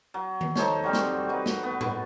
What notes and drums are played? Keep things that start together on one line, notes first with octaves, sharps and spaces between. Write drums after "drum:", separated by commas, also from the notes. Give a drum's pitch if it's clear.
F#3
drum: tom D#3
D#4 A4 C5 C#5, drum: snare
F#3 G3 C4
drum: snare
D#4 F#4 B4
drum: snare
B3
drum: tom A2